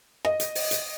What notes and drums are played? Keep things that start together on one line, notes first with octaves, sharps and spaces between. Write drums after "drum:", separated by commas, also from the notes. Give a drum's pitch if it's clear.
D#5, drum: rim click
drum: hi-hat
drum: open hi-hat
drum: hi-hat